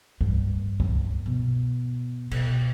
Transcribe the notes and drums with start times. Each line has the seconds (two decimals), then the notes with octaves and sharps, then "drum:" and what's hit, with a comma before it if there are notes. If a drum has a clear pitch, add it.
0.21 G2, drum: kick
0.80 drum: kick
1.26 B2
2.31 B2, drum: cymbal